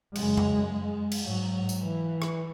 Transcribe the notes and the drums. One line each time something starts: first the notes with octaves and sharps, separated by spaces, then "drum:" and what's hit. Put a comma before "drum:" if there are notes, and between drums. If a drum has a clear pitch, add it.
F#2 C#3 G#3, drum: cymbal
drum: tom F2
drum: cymbal
G#2 F#3
drum: tambourine
E3
drum: rim click